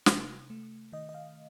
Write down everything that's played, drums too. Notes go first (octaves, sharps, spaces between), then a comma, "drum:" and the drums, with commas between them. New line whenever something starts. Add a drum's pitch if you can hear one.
C3, drum: snare
A3
D#3 D#5
D#5
F5